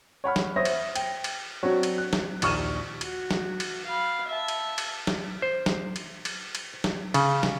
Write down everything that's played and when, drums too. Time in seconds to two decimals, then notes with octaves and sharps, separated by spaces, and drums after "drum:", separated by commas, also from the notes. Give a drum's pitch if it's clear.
0.24 C#5 F#5 B5 F6
0.36 drum: snare
0.56 C5 C#5 E5 D#6 A#6
0.65 drum: cymbal
0.96 G5, drum: cymbal
1.24 drum: cymbal
1.63 F#3 C4 D4 F#4 C#5
1.83 drum: cymbal
1.98 F#6
2.13 drum: snare
2.42 A#1 D#2 C#6 F6 D#7 E7, drum: cymbal
3.01 F#4, drum: cymbal
3.31 drum: snare
3.60 drum: cymbal
3.85 F5 B5
4.27 E5 A5
4.48 drum: cymbal
4.78 drum: cymbal
5.07 drum: snare
5.42 C5
5.66 drum: snare
5.96 drum: cymbal
6.25 drum: cymbal
6.55 drum: cymbal
6.84 drum: snare
7.14 C#3, drum: cymbal
7.43 drum: snare